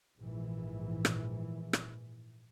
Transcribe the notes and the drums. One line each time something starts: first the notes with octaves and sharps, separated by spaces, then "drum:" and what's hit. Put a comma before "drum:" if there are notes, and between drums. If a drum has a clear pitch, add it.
A#1 G#2 E3
drum: rim click
drum: rim click